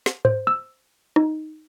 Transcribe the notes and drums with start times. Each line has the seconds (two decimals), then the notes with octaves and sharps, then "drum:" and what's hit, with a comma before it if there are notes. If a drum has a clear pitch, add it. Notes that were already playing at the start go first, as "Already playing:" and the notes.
0.06 drum: snare
0.25 C5, drum: tom G#2
0.47 E6
1.16 D#4, drum: rim click